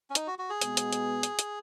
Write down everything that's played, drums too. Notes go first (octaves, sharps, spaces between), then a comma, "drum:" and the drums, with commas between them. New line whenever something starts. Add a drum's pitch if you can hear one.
C#4
D#4, drum: hi-hat
F#4
F#4
G#4
B2 G#3 B3, drum: hi-hat
drum: hi-hat
drum: hi-hat
drum: hi-hat
drum: hi-hat